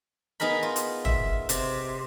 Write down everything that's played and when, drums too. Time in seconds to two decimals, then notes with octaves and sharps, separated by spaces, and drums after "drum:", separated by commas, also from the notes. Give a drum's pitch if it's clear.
0.40 B3 D#4 G#4 A#4 B5
0.63 F4
0.76 drum: hi-hat
1.05 E5, drum: tom
1.49 C3, drum: hi-hat